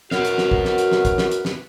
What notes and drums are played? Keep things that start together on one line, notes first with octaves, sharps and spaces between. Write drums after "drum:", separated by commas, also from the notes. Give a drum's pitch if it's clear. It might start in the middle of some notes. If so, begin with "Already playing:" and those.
F#2 F#4 B4 F5, drum: snare
drum: hi-hat
drum: snare
drum: kick
drum: snare
drum: hi-hat
drum: snare
drum: kick, hi-hat
drum: snare
drum: hi-hat
drum: snare